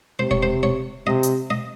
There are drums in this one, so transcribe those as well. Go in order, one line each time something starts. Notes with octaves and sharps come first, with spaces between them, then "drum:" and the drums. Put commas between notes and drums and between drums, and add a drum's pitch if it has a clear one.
C3 C5
C#5, drum: kick E1
C5
C#5
C3 D#5
drum: hi-hat
D#5